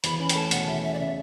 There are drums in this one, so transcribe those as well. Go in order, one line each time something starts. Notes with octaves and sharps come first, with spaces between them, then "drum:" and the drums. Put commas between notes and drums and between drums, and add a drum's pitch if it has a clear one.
E2 B5, drum: hi-hat
C#4 B5
G5, drum: hi-hat
A3 A5
B2 F#5, drum: hi-hat
E2 E5
C#4 E5
D5
C#3 E5